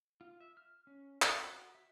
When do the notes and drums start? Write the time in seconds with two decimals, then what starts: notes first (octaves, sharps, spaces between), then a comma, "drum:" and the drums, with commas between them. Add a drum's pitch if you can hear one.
0.21 F4
0.41 E5
0.57 F6
0.87 C#4
1.22 F#4, drum: clap
1.75 E5